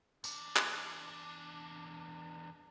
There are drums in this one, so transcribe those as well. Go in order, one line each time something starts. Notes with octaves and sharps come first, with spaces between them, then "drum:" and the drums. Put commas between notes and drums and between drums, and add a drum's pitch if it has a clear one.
E2 D4, drum: tambourine
drum: clap